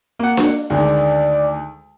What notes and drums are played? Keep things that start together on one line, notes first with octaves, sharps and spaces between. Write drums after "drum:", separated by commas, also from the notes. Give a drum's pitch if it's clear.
A#3 F#5
drum: snare D4
D2 D#3 G#3 D5